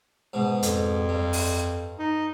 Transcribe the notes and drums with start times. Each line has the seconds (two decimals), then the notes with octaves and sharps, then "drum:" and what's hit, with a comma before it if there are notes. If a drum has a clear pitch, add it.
0.33 G#2 B2
0.63 F2, drum: hi-hat
1.09 G2
1.33 drum: open hi-hat
1.99 D#4